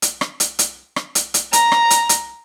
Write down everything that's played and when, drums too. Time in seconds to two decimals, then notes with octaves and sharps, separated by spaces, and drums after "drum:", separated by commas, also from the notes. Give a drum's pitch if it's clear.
0.02 drum: hi-hat
0.21 drum: rim click
0.40 drum: hi-hat
0.59 drum: hi-hat
0.96 drum: rim click
1.15 drum: hi-hat
1.34 drum: hi-hat
1.53 A#5, drum: hi-hat
1.72 drum: rim click
1.90 drum: hi-hat
2.09 drum: hi-hat